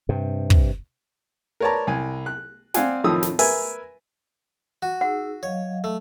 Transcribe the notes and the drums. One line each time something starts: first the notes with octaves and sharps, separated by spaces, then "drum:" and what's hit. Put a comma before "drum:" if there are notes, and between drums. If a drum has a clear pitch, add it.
G2 C3
drum: kick
A#4 B4 C#5 D5 A5 A#5
C2 G#5
F#6
C4 D5 F5 F#5 G#5, drum: snare
F2 A2 D#3 F3 D#6 E6
drum: snare
A#4 B4 E5 G#5, drum: open hi-hat
F#4
D#4 G#4 F#5 E6
F#3 C#5 D#5 F5
A3